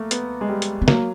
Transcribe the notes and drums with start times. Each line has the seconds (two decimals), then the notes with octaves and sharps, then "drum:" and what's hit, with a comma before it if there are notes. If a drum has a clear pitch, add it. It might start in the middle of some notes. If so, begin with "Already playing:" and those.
Already playing: A3 A#3
0.11 B3, drum: hi-hat
0.41 G#3
0.49 G3
0.62 drum: hi-hat
0.82 B3
0.88 F#3 A#3, drum: snare